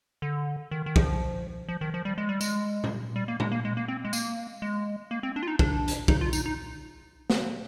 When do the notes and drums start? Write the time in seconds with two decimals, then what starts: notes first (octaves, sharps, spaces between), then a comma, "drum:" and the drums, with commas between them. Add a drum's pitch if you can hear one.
0.22 D3
0.71 D#3
0.86 D#3
0.96 F3, drum: kick
1.69 F3
1.81 D#3
1.94 F3
2.05 G3
2.18 G#3
2.29 G3
2.41 G#3, drum: tambourine
2.84 drum: tom A#2
3.16 G3
3.28 A#3
3.40 G#3, drum: tom A#2
3.52 A#3
3.65 G#3
3.77 A#3
3.88 C4
4.05 G#3
4.13 A#3, drum: tambourine
4.62 G#3
5.11 A#3
5.23 C4
5.36 D4
5.43 F4
5.48 D#4
5.59 D4, drum: kick
5.88 drum: hi-hat
6.08 D#4, drum: kick
6.21 F4
6.33 D#4, drum: tambourine
6.46 D#4
7.30 drum: snare